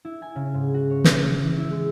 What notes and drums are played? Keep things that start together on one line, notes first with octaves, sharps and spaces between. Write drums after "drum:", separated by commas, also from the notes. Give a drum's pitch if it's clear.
E4
G#5
C#3
G#2
F#4
C#5
F#6, drum: snare
D7
E3
E4
G#3